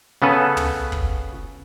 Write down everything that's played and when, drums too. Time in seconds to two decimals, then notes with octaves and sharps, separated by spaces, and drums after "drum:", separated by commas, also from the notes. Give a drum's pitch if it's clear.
0.22 C#3 B3 C#4 A4 B4
0.57 drum: tom
0.92 drum: kick